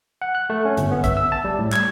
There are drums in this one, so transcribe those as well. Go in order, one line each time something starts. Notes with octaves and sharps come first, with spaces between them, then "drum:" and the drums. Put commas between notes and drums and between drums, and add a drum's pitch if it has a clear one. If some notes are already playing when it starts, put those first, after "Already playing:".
F#5
F#6
A3
C#4
G1, drum: hi-hat
B3
E5, drum: kick B1, hi-hat
E6
A5
G3
A2
G#6, drum: clap